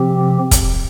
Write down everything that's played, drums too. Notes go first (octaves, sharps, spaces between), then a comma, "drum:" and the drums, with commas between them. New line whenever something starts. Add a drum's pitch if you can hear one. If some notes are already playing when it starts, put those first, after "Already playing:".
Already playing: C3 F3 C4 G4
drum: kick, hi-hat